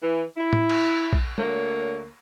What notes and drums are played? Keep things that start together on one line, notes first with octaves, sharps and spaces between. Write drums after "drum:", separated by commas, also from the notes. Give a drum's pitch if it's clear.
E3
E4
drum: tom
drum: cymbal
drum: kick A#1
D2 A#3 C#5, drum: tom